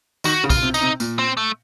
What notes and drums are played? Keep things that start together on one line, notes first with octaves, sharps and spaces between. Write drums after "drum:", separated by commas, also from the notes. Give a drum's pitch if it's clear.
D#3 F#4, drum: tambourine
C#3
F4, drum: kick, tambourine
C3
D#4, drum: tambourine
C3
A#2, drum: tambourine
C4
A3